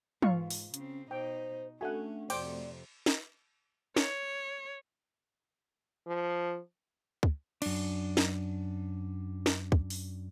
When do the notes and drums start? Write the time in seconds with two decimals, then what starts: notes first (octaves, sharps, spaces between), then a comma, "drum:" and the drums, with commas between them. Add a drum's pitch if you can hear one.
0.22 G#2 F4 F5 C#6, drum: tom
0.50 drum: open hi-hat
0.74 C#3 C4 C#4, drum: hi-hat
1.11 B2 D#4 C5 G5
1.81 A3 C#4 D4 F#4 F#5 G#5
2.30 F2 C3 C5 D5 G5 D6, drum: cymbal
3.06 drum: snare
3.96 C#5, drum: snare
6.07 F3
7.23 drum: kick
7.62 F#2 D4, drum: cymbal
8.17 drum: snare
9.46 drum: snare
9.72 drum: kick
9.90 drum: open hi-hat